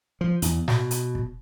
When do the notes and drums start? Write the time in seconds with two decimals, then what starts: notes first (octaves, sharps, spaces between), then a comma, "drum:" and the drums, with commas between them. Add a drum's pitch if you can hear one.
0.21 F3
0.42 E2, drum: hi-hat
0.68 B2, drum: snare
0.91 drum: hi-hat
1.15 drum: kick